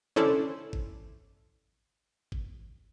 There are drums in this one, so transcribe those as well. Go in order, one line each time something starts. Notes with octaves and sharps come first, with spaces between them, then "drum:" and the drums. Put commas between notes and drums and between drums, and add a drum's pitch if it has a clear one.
C#4 D4 E4 A4 C5 D5, drum: tom
drum: kick G#1
drum: kick G#1